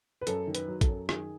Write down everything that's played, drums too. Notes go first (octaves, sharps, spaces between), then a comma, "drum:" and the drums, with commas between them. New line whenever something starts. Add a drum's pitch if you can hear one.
B4
F#2 A4, drum: hi-hat
D#3
B4, drum: hi-hat
F#3
A4, drum: kick, hi-hat
F#2
D#3 G#4, drum: rim click